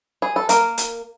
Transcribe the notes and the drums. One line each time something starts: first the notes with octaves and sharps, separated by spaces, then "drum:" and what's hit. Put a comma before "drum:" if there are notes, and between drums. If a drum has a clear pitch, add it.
G#4
A4
A#3 A#4, drum: hi-hat
drum: hi-hat